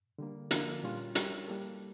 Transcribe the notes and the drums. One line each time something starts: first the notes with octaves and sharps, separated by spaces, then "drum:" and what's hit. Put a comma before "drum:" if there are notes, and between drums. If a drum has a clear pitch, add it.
D3 G3 A#3
D3 F3 A#3 E4, drum: hi-hat
A#2 G3 C#4 F4 C#5
G3 D4 G4 A#4 C#5, drum: hi-hat
G3 A#3 E4 A4